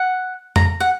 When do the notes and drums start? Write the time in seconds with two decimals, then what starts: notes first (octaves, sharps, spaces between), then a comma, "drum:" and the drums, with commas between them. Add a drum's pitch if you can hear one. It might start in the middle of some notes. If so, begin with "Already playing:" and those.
Already playing: F#5
0.56 A#5, drum: tom F2
0.80 F#5